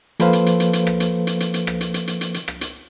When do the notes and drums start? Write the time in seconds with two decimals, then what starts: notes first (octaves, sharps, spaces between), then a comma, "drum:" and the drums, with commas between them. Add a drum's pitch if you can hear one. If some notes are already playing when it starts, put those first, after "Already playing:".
0.20 F3 A#3 A4 B4 C5 F5, drum: hi-hat
0.33 drum: hi-hat
0.46 drum: hi-hat
0.60 drum: hi-hat
0.73 drum: hi-hat
0.87 drum: rim click
1.00 drum: hi-hat
1.27 drum: hi-hat
1.40 drum: hi-hat
1.54 drum: hi-hat
1.67 drum: rim click
1.81 drum: hi-hat
1.94 drum: hi-hat
2.07 drum: hi-hat
2.21 drum: hi-hat
2.34 drum: hi-hat
2.48 drum: rim click
2.61 drum: hi-hat